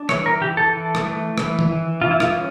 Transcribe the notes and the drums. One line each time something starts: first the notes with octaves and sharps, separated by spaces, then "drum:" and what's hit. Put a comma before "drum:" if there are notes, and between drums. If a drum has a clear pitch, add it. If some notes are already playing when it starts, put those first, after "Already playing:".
Already playing: D4
E3 C#5, drum: rim click
A#4
E3 G4
A4
E3
drum: rim click
A3
E3, drum: rim click
drum: tom D#3
E3
E3 F4
E4
F4, drum: rim click
C#4